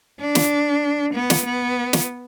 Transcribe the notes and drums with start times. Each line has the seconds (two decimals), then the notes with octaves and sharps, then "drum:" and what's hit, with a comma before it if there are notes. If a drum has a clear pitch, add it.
0.20 D4
0.35 drum: snare
1.14 B3
1.30 drum: snare
1.45 B3
1.93 drum: snare